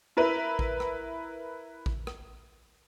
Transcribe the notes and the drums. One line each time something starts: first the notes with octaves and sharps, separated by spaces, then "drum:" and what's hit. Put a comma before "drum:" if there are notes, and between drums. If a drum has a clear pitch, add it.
E4 A#4 B4 E5
drum: kick A1
drum: rim click
drum: kick A1
drum: rim click